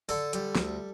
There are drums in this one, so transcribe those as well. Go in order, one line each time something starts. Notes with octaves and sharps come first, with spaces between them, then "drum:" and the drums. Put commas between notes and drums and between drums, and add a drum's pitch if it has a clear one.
D3 A4, drum: open hi-hat
G3, drum: hi-hat
D2, drum: snare